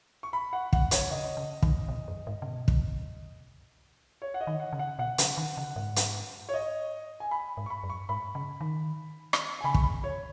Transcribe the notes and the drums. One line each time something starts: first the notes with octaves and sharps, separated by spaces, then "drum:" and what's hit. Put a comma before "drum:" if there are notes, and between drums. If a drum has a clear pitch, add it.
C#6
B5
F#5
F#5, drum: kick
C#5, drum: hi-hat
C#3 D#5
C#3
D#3, drum: kick
B2
F#2
G#2
C#3
B2
drum: kick
C#5
F#5
D#5
D#3
F#5
C#3
F#5
B2 F#5
C#3, drum: hi-hat
D#3
C#3
G#2
drum: hi-hat
C#5
D#5
G#5
B5
G#2
C#6
B5
F#2
C#6
G#2 B5
C#3
D#3
drum: rim click
G#5
C#3 B5
C#6, drum: kick
B5
C#5